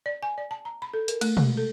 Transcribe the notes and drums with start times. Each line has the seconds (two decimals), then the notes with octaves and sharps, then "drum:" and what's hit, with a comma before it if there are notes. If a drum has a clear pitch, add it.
0.06 D5
0.23 G#5
0.38 D5
0.51 A5
0.65 A#5
0.82 B5
0.94 A4
1.08 A#4, drum: hi-hat
1.21 A3, drum: cymbal
1.37 G#3, drum: tom
1.57 A4